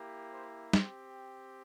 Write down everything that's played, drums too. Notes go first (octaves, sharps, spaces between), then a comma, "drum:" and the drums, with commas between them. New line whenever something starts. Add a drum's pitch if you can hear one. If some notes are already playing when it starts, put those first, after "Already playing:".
Already playing: A#3 E4 G4
C5
C4 G4 C5, drum: snare